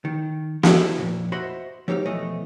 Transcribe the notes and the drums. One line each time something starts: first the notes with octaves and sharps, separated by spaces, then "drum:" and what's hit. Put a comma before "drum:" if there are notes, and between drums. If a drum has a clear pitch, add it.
D#3
E4 G4 A4, drum: snare
C2 F2 A#2
F#4 C5 D#5 E5 B5 C6
F#3 D#4 G4 C5 F5
F2 B2 E3 A3 D#5